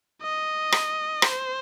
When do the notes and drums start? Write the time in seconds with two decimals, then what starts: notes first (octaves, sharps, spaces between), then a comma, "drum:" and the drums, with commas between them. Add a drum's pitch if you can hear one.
0.22 D#5
0.72 drum: rim click
1.22 C5, drum: rim click